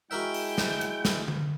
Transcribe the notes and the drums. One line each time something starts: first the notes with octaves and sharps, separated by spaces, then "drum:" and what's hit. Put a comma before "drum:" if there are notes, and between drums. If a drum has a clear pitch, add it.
G#3 E4 F#4 A#4 E5 G5
drum: open hi-hat
drum: snare
drum: hi-hat
drum: snare
drum: tom D3